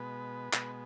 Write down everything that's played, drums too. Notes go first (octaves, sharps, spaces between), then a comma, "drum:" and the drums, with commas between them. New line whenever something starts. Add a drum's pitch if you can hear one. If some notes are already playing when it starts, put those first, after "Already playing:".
Already playing: B2 G#3 B3 B4
B2 G#3 B3, drum: clap